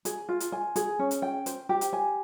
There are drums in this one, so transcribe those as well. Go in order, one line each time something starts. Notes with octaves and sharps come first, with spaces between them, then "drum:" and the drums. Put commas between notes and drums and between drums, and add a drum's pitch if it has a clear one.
G#4, drum: hi-hat
F4
drum: hi-hat
G#5
G#4, drum: hi-hat
C#4
drum: hi-hat
G5
C5, drum: hi-hat
G4
drum: hi-hat
G#5